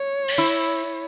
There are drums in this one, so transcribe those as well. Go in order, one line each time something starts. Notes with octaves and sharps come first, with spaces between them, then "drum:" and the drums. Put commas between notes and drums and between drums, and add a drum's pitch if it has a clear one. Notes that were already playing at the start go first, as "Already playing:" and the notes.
Already playing: C#5
drum: cymbal
E4